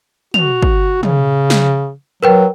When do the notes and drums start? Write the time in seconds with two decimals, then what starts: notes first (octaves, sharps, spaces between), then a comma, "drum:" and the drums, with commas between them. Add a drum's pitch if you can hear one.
0.34 F#4 F7, drum: tom
0.62 drum: kick
1.03 C#3, drum: tom
1.50 drum: snare
2.23 F#3 A#4 B4 G5